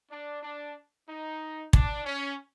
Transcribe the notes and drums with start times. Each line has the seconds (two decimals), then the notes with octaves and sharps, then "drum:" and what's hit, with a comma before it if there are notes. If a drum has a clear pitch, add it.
0.11 D4
0.43 D4
1.09 D#4
1.73 D4, drum: kick
2.05 C#4